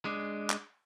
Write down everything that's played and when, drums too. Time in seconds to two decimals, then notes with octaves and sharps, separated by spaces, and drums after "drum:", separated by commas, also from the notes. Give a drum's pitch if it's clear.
0.05 G#3 D4
0.50 drum: clap